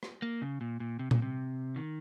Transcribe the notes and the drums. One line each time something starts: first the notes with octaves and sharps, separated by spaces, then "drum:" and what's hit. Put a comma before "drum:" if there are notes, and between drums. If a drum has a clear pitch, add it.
drum: rim click
A#3
C#3
A#2
A#2
C3
A#2, drum: tom A#2
C3
D#3